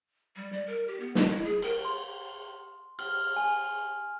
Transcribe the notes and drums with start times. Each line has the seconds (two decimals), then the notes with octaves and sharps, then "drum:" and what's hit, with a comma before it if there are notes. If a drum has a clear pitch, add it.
0.36 G3
0.53 D5
0.67 A#4
0.88 G4
1.00 B3
1.15 D#5, drum: snare
1.30 E4
1.44 G#4
1.62 A#4, drum: cymbal
1.85 C6
2.99 F6, drum: cymbal
3.36 G#5